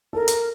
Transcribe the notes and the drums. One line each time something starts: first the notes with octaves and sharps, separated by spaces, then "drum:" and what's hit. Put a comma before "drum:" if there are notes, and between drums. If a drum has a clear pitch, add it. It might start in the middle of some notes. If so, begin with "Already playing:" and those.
A4 A#4
drum: hi-hat